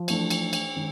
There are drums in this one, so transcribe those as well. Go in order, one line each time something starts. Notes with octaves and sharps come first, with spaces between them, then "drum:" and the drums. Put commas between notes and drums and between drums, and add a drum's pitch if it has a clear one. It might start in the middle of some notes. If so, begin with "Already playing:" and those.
Already playing: F3
E3 A3 D4, drum: cymbal
drum: cymbal
drum: cymbal
D#3 G#3 C#4